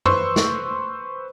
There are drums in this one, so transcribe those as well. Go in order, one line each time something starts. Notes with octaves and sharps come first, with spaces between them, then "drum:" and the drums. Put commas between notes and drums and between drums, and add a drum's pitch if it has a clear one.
B4 C5 C6 C#6 E6, drum: tom F#2
drum: snare